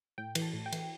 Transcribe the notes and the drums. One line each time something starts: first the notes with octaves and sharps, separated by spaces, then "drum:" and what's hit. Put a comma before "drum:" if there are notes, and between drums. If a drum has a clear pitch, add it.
A2 G5
E3, drum: cymbal
A5
A2
G5
E3, drum: cymbal